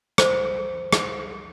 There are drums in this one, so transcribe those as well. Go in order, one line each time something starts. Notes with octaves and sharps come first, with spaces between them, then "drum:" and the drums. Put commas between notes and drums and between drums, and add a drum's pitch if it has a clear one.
C5, drum: rim click
drum: rim click